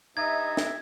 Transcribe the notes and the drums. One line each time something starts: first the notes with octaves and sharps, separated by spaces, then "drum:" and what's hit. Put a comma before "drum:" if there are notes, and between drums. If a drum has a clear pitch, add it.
G2 D#4 D#5 E5 G#6
drum: snare